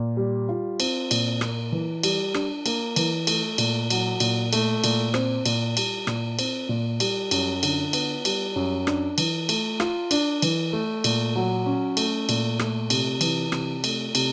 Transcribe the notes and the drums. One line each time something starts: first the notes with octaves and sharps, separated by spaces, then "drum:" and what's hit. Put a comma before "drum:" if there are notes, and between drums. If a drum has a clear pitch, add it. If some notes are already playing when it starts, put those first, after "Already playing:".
Already playing: A#2
G3
F4
C4, drum: cymbal
A#2, drum: cymbal
A#3, drum: rim click
E3
G3, drum: cymbal
D4, drum: rim click
A#3, drum: cymbal
E3, drum: cymbal
A3, drum: cymbal
A#2, drum: cymbal
F#3, drum: cymbal
A#2, drum: cymbal
A3, drum: cymbal
A#2, drum: cymbal
C4, drum: rim click
A#2, drum: cymbal
G3, drum: cymbal
A#2, drum: rim click
C4, drum: cymbal
A#2
G3, drum: cymbal
F#2, drum: cymbal
D3, drum: cymbal
B3, drum: cymbal
G3, drum: cymbal
F#2
D4, drum: rim click
E3, drum: cymbal
A3, drum: cymbal
F4, drum: rim click
D4, drum: cymbal
E3, drum: cymbal
A3
A#2, drum: cymbal
F#3
C#4
A3, drum: cymbal
A#2, drum: cymbal
A3, drum: rim click
C3, drum: cymbal
E3, drum: cymbal
C3, drum: rim click
A3, drum: cymbal
C3, drum: cymbal